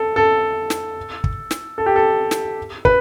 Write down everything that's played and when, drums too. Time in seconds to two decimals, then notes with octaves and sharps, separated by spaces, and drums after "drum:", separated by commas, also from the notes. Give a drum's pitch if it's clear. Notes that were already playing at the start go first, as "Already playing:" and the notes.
Already playing: A4
0.16 A4
0.70 drum: snare
1.24 drum: kick
1.51 drum: snare
1.78 A4
1.86 G4
1.96 A4
2.31 drum: snare
2.85 B4, drum: kick